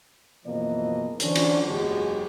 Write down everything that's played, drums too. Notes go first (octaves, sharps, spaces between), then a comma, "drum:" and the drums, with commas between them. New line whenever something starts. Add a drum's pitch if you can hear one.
F#1 B2 E3 F3 A#3 D#5
D3 E3 F#3 C#4 D4 C5, drum: hi-hat
drum: cymbal
F#1 B1 E2 G#3 F#4 G4